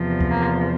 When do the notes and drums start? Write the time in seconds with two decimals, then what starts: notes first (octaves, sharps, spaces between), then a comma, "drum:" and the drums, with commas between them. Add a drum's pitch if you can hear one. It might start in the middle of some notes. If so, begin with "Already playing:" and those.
Already playing: E2 C3 F3
0.21 drum: kick C#2
0.31 A#3